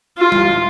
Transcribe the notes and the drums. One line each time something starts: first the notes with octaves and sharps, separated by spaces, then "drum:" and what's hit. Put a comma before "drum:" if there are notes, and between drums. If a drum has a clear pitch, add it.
F4
drum: tom G3